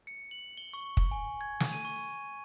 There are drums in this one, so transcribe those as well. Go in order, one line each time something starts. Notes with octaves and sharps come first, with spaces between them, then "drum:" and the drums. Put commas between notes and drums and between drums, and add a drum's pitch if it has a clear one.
C#7
F#7
G7
C#6
drum: kick
G#5
G#6
drum: snare
D#7
C#6